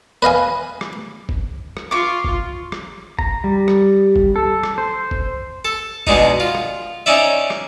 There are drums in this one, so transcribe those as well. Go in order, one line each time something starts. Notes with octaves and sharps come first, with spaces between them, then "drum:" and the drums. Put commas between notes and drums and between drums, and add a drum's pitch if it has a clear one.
B4 D#5 F5 G#5
drum: rim click
drum: kick
drum: rim click
F4 C#6 D6
drum: kick
drum: rim click
A#5, drum: kick
G3
drum: rim click
drum: kick
A4
drum: rim click
C5
drum: kick
A4
B2 G#3 D4 D#4, drum: kick
F4
drum: rim click
C#4 D#4 D5 E5
drum: rim click